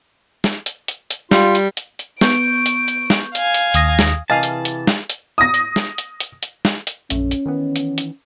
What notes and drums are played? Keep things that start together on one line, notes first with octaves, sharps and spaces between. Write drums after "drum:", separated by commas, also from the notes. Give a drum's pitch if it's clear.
drum: snare
drum: hi-hat
drum: hi-hat
drum: hi-hat
G3 F4, drum: snare
drum: hi-hat
drum: hi-hat
drum: hi-hat
B3 C#6 G6 D7, drum: snare
drum: hi-hat
drum: hi-hat
drum: snare
F5 G#5, drum: hi-hat
drum: hi-hat
D#2 D#6 A#6, drum: hi-hat
drum: snare
C3 E3 G#4 D#5 F5 G#5 A5
drum: hi-hat
drum: hi-hat
drum: snare
drum: hi-hat
D#6 A#6
drum: hi-hat
drum: snare
drum: hi-hat
drum: hi-hat
drum: hi-hat
drum: snare
drum: hi-hat
A#1 F#2 A3 C#4, drum: hi-hat
drum: hi-hat
D#3 E3 B3
drum: hi-hat
drum: hi-hat